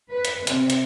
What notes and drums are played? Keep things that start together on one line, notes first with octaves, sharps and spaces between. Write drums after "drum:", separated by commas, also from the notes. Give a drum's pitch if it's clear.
B4
drum: hi-hat
C3, drum: hi-hat
drum: hi-hat